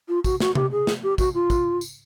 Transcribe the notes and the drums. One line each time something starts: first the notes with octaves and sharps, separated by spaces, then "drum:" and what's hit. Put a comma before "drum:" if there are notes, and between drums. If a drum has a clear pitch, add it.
F4
F#4, drum: kick, tambourine
F#4, drum: snare
G4, drum: tom C3
G#4
drum: snare
G4
F#4, drum: kick, tambourine
F4
drum: kick, tambourine
drum: tambourine